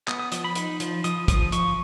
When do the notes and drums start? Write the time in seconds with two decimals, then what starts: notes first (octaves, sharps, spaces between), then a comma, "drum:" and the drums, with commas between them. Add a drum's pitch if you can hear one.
0.08 B3 D#6, drum: clap
0.19 D#6
0.32 F3 D#6, drum: hi-hat
0.44 B5
0.55 D#4, drum: hi-hat
0.80 F3, drum: hi-hat
1.04 F3 D#6, drum: hi-hat
1.28 F3 D#6, drum: kick, hi-hat
1.52 F3 C#6, drum: hi-hat